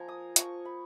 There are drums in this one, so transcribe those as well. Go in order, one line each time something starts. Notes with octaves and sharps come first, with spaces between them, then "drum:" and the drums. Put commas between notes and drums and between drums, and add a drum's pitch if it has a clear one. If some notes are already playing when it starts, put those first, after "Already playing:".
Already playing: F3 A#3 G#5 A#5
D#6
F3 C#6, drum: hi-hat
B5